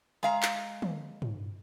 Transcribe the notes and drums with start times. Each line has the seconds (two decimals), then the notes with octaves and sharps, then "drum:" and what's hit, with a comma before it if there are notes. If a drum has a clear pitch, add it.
0.23 G#3 F5 A#5
0.43 drum: clap
0.82 drum: tom
1.22 drum: tom